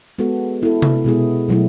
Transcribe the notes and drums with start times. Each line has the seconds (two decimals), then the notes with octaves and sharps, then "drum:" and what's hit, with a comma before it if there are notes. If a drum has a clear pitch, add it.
0.18 G#3 B3 F#4 A4
0.62 B3 E4 A4
0.82 drum: tom C3
1.05 B2 G#3 B3 E4 G#4
1.48 B2 F#3 A3 E4